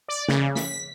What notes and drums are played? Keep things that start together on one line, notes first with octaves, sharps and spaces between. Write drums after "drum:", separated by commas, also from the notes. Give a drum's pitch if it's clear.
D5
C#3, drum: snare
B6, drum: snare